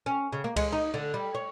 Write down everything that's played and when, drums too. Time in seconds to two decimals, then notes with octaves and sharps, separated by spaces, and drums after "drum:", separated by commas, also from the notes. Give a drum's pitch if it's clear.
0.06 C#4
0.33 C#3
0.44 A#3
0.56 G#3, drum: kick C#2, cymbal
0.72 D#4
0.94 D3
1.14 G3
1.35 C#5